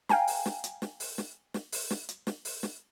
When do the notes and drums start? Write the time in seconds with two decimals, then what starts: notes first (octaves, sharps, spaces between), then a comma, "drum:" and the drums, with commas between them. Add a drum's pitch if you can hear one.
0.09 F5 G5 G#5 A#5, drum: snare
0.27 drum: open hi-hat
0.46 drum: snare
0.64 drum: hi-hat
0.82 drum: snare
1.00 drum: open hi-hat
1.18 drum: snare
1.54 drum: snare
1.72 drum: open hi-hat
1.90 drum: snare
2.09 drum: hi-hat
2.27 drum: snare
2.45 drum: open hi-hat
2.63 drum: snare